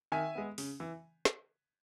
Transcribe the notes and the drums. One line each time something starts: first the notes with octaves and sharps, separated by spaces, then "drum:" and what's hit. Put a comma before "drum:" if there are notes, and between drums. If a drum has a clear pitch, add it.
D#3 E5 G#5
G#3 B3
C#3, drum: open hi-hat
E3
drum: snare